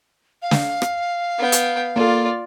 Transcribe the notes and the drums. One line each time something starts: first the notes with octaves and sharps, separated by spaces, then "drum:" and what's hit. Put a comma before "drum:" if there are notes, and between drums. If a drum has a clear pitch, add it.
F5
drum: snare
drum: rim click
B3 G5
drum: hi-hat
A#3 F4 A4 D5